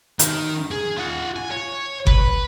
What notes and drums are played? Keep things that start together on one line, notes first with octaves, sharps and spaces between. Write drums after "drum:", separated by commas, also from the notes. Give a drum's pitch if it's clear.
D#3, drum: hi-hat
G#4
F4 F#5
G#5
C#5
B4, drum: kick G1